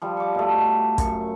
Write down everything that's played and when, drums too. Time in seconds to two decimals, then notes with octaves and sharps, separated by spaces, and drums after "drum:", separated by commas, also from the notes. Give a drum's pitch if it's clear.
0.02 F3 G3
0.17 C#6 D6
0.35 B2 A3
0.98 F#2 C#6, drum: kick, hi-hat